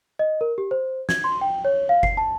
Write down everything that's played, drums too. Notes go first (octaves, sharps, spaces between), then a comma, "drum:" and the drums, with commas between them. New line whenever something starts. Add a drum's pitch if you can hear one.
D#5
A#4
G4
C5
G#6, drum: snare
C6
G5
C#5
F5
C7, drum: kick F#1
A5